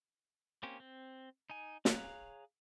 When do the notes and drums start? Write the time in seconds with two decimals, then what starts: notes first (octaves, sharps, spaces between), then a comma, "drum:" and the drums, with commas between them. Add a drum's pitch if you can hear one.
0.63 A#3 C4 C#4 G4
0.80 C4
1.50 D#4 G#5
1.85 G#4 C#5 F5 A#5 F#6, drum: snare